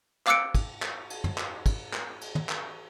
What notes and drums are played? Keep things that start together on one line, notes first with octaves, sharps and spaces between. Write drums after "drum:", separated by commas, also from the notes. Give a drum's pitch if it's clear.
F5 D6 E6 F#6 C#7 D7, drum: clap
drum: kick, cymbal
drum: clap
drum: cymbal
drum: tom
drum: clap
drum: kick, cymbal
drum: clap
drum: cymbal
drum: tom
drum: clap